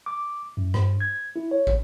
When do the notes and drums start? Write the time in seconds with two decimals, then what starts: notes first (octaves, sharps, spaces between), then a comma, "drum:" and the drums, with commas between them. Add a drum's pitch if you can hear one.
0.06 D6
0.57 F#2
0.74 G2, drum: rim click
1.00 G#6
1.36 E4
1.51 C#5
1.67 drum: kick